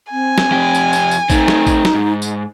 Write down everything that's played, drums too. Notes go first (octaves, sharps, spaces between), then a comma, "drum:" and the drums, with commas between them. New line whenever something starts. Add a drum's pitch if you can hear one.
C4 G#5
drum: snare
F2 G4
drum: tambourine
drum: tambourine
drum: tambourine
A3 C4 D#4, drum: kick A1, tambourine
drum: snare
drum: kick A1, tambourine
drum: snare
G#2
drum: tambourine